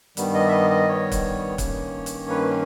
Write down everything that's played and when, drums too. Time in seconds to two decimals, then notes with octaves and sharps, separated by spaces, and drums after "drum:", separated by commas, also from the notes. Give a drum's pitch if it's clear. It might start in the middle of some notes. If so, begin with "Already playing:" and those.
0.17 G2 D#3 G3 B3, drum: hi-hat
0.34 D#5
0.48 E5
0.52 D#5
0.70 D#5
0.88 C#5
1.12 drum: kick, hi-hat
1.58 G2 D#3 A#3 C#4, drum: kick, hi-hat
2.06 drum: hi-hat
2.29 B4